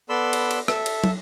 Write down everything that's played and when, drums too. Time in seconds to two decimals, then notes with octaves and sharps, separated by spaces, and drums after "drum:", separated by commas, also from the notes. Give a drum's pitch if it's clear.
0.09 B3 A4 D5 B5 C6 E6
0.33 drum: cymbal
0.51 drum: cymbal
0.68 A4 E5, drum: rim click
0.86 drum: cymbal
1.04 drum: tom